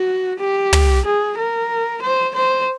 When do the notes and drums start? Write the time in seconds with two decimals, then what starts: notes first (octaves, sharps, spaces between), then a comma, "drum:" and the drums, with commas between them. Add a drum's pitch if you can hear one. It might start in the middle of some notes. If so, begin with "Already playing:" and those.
Already playing: F#4
0.39 G4
0.73 drum: tom
1.05 G#4
1.38 A#4
2.02 C5
2.35 C5